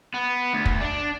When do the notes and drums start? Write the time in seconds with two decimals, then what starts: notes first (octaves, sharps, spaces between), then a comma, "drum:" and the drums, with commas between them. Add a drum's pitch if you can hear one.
0.14 B3
0.53 D2
0.66 drum: kick
0.81 D4